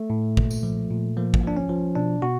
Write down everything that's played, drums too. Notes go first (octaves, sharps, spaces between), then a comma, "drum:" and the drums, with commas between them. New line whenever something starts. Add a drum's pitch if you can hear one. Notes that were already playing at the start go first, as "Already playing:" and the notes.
Already playing: A3
A2
A#2, drum: kick
drum: tambourine
F3
A#2
F3 A#3
drum: kick
F3 D4
C#4
F3
B2 D4
B2 F#4